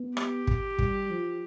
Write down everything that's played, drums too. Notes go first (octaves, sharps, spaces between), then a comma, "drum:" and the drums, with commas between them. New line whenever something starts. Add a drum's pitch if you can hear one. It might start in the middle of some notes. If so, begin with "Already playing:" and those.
Already playing: B3
G4, drum: rim click
drum: kick
G3, drum: kick
F3